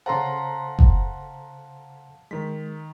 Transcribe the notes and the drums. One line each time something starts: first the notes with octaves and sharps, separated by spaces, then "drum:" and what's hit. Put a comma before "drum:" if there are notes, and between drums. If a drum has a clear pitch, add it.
C#3 A4 C5 F5 F#5 A5 A#5 C6
drum: kick F#1
D#3 G#3 B6